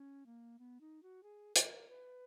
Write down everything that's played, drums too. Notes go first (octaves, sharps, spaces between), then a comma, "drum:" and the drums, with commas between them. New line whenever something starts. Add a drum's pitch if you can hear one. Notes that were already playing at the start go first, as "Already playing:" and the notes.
Already playing: C#4
A#3
B3
D#4
F#4
G#4
A#4, drum: hi-hat
B4